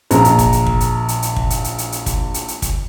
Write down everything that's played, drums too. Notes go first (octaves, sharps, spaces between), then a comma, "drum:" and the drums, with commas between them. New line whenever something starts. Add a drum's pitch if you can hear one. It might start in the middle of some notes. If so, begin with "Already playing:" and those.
A#1 A#5, drum: hi-hat
drum: hi-hat
drum: kick, hi-hat
drum: hi-hat
drum: kick
drum: hi-hat
drum: hi-hat
drum: hi-hat
drum: kick
drum: hi-hat
drum: hi-hat
drum: hi-hat
drum: hi-hat
drum: kick, hi-hat
drum: hi-hat
drum: hi-hat
drum: kick, hi-hat